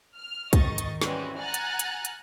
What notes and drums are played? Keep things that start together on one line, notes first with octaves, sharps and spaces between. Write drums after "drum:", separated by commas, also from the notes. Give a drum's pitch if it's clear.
F6
G#2 D#3 D#5 C#6 A6, drum: kick, hi-hat
drum: hi-hat
E3 G3 G#3 C4 C#4 F#4, drum: snare
F#5 G#5 A#5 F6 F#6 A6
drum: hi-hat
drum: hi-hat
drum: hi-hat